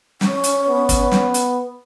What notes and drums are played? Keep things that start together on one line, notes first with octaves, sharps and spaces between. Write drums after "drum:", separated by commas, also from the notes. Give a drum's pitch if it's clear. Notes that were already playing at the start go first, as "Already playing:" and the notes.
C#4, drum: snare
drum: hi-hat
B3
drum: kick, hi-hat
drum: snare
drum: hi-hat